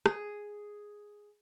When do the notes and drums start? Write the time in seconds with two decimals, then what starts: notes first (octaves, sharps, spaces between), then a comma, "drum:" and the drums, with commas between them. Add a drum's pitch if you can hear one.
0.06 G#4, drum: rim click